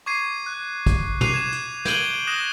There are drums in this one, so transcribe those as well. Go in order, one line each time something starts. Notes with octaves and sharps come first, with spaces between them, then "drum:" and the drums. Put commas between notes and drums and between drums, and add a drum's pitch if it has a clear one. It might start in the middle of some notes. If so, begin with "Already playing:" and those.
C#6 D6 G#6 C7 D#7
F#6
drum: kick, hi-hat
D6 F#6 C7 D#7 F7, drum: tom
G#6 E7
drum: hi-hat
G6 G#6 D7 D#7 F#7 G7, drum: snare
D#6 F#6 A#6 E7